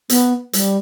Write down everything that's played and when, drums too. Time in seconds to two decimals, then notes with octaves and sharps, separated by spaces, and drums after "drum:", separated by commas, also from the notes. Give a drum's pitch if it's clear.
0.10 B3, drum: hi-hat
0.53 G3, drum: hi-hat